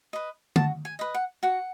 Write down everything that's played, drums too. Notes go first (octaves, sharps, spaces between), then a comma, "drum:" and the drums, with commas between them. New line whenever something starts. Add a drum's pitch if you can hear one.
B4 D#5
F#4 A5, drum: tom D3
G#5
B4 D#5
F#5
F#4 F#5